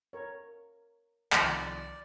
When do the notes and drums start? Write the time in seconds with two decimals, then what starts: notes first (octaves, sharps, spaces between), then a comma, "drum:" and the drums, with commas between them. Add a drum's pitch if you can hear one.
0.13 A#4 C#5
1.32 C2 D#3 F3 D5, drum: clap